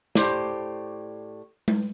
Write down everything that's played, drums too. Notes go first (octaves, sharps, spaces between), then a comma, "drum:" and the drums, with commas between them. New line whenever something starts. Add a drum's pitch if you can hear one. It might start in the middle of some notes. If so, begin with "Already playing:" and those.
A2 G4 C5 D5, drum: snare
drum: tom G#3